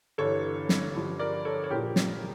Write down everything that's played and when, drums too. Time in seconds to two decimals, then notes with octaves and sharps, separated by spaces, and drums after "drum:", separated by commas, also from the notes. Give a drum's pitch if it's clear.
0.18 G1 G2 E3 A4 C#5
0.69 drum: snare
0.95 G1 G2 F3
1.19 A#4 D5
1.45 A4 C#5
1.64 C#5
1.70 A#1 A#2 F3 G4 A#4
1.96 drum: snare